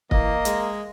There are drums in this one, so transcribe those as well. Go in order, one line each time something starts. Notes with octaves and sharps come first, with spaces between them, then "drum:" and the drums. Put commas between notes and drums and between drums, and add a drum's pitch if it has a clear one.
E3 A#3 D#5, drum: kick
G#3, drum: hi-hat